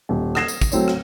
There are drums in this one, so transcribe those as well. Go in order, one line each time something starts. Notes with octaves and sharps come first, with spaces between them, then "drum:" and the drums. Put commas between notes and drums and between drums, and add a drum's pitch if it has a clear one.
D#1
D#6 G#6 A#6 C7 E7, drum: rim click
drum: tambourine
drum: kick, tambourine
F#3 A3 C4 C#5, drum: tambourine
drum: rim click